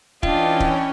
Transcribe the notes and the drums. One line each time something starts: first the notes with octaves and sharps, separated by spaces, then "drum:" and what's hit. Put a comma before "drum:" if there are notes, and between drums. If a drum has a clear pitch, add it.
E3 C#4 D4 F4 D#5 G5, drum: kick
drum: kick